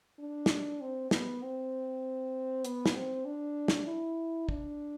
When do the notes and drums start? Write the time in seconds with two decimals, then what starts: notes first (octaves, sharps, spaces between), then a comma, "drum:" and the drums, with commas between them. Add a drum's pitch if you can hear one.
0.19 D4
0.46 drum: snare
0.81 C4
1.11 B3, drum: snare
1.42 C4
2.65 B3, drum: hi-hat
2.86 drum: snare
2.95 C4
3.25 D4
3.68 drum: snare
3.87 E4
4.49 D4, drum: kick